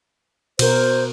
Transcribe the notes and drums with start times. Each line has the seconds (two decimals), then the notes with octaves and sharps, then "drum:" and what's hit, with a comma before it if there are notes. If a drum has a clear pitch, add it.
0.59 B2 A#4 C5, drum: cymbal